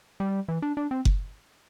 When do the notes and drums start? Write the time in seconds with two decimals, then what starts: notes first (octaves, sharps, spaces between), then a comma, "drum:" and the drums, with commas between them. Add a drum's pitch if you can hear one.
0.20 G3
0.48 E3
0.62 D4
0.77 D4
0.91 C4
1.05 drum: kick F#1